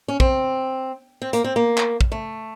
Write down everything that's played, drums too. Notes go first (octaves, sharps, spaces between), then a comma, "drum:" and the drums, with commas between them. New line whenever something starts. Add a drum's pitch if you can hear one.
C#4
C4, drum: kick
C4
A#3, drum: hi-hat
C4
A#3
drum: clap
drum: kick
A3